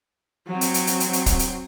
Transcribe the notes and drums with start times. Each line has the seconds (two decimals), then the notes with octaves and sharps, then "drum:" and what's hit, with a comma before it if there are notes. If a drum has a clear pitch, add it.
0.48 F#3 C4
0.61 drum: hi-hat
0.74 drum: hi-hat
0.87 drum: hi-hat
1.00 drum: hi-hat
1.13 drum: hi-hat
1.26 drum: kick, hi-hat
1.39 drum: hi-hat